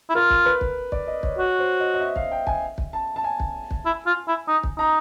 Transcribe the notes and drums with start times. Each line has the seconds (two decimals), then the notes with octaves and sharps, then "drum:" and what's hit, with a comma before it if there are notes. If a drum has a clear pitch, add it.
0.10 E4
0.15 F4 A#4
0.30 drum: kick
0.45 B4
0.61 drum: kick
0.92 D5, drum: kick
1.07 D#5
1.23 C#5, drum: kick
1.38 F#4 C#5
1.59 C5
1.80 D#5
1.94 D#5
2.00 E5
2.16 F5, drum: kick
2.31 G5
2.47 G#5, drum: kick
2.78 drum: kick
2.93 A5
3.16 A5
3.24 G#5
3.40 drum: kick
3.71 drum: kick
3.86 E4
4.06 F4
4.28 E4
4.48 D#4
4.63 drum: kick
4.78 D#4 A#5